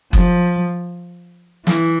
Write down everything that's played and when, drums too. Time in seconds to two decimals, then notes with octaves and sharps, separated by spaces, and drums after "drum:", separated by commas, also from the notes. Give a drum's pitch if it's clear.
0.13 F3, drum: kick F#1
1.67 E3, drum: snare